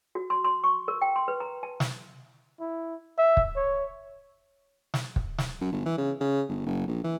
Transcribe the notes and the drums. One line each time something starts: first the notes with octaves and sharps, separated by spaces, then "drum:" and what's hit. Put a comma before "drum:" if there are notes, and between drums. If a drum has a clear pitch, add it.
F#4
C6
C6
C#6
A#4
G5
C6
B4
A#5
A5
drum: snare
E4
E5
drum: kick
C#5
drum: snare
drum: kick
drum: snare
F#2
G1
E3
C#3
C#3
G1
F#1
A#1
E3